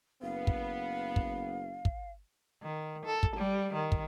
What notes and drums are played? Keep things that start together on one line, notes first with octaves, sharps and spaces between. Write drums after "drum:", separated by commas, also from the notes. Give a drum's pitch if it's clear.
F#1 B3 F5
drum: kick
drum: kick
drum: kick
D#3
A4
drum: kick
G3
D#3
drum: kick